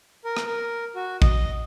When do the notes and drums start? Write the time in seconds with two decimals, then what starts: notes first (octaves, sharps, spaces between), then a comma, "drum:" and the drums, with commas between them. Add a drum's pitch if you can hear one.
0.25 A#4
0.37 drum: rim click
0.46 A#4
0.96 F#4
1.22 D#5, drum: kick A1